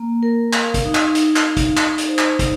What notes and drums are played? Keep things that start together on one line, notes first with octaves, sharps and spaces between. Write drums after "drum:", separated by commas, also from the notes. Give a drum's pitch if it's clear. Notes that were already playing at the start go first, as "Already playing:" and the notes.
Already playing: A#3
A#4
F5, drum: clap
drum: kick, hi-hat
D#4
drum: clap
D#4, drum: hi-hat
drum: clap
F5
drum: kick, hi-hat
D#4, drum: clap
drum: hi-hat
C5
drum: clap
D#4, drum: kick, hi-hat